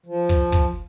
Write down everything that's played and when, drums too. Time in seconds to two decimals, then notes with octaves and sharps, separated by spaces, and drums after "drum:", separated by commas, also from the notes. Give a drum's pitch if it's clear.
0.06 F3
0.29 drum: kick
0.52 drum: kick